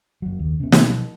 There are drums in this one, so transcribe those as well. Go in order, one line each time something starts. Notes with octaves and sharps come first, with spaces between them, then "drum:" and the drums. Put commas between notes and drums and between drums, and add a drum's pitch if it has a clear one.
F#1 F#3
D#2
C#3 B3
B2 F3 F#3, drum: snare